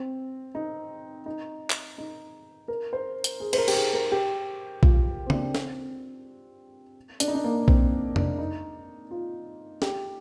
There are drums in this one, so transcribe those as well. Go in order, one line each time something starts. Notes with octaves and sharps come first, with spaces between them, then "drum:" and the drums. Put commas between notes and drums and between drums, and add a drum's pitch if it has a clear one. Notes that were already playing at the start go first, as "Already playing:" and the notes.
Already playing: C4
D#4
D#4
drum: clap
D#4
A#4
C5
drum: hi-hat
G#4
C5, drum: cymbal
A#4
G4, drum: cymbal
G#4
A#4
G4
F4, drum: kick B1
C4
D4, drum: tom C#3
C4, drum: snare
D4, drum: hi-hat
D#4
D4
A#3
C4, drum: kick B1
D4, drum: tom F2
D#4
F4
G4, drum: snare